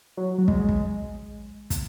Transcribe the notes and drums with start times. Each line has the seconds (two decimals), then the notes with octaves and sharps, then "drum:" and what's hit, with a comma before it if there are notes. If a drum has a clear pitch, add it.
0.17 F#3
0.38 F#3
0.48 G#3, drum: kick
0.69 drum: kick
1.70 drum: kick, hi-hat